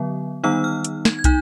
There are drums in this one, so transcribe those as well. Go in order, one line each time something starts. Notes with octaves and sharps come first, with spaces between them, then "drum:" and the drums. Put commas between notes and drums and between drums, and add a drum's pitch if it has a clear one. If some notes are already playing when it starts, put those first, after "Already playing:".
Already playing: D3 F#3 B3
D#3 G3 B3 D#4 E6
F6
drum: hi-hat
G#6, drum: snare
G#6
D#4 G6, drum: kick, hi-hat